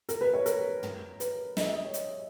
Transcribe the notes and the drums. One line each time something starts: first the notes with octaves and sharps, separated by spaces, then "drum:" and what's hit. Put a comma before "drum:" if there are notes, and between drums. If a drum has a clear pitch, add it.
A#4, drum: hi-hat
B4
C#5
A#4, drum: hi-hat
drum: tom
B4, drum: hi-hat
D#5, drum: snare
E5
D#5
C#5
drum: hi-hat